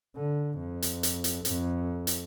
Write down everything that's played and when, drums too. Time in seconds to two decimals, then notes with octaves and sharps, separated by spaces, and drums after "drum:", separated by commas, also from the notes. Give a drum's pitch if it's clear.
0.16 D3
0.59 F2
0.82 drum: hi-hat
1.03 drum: hi-hat
1.24 drum: hi-hat
1.45 F2, drum: hi-hat
2.07 drum: hi-hat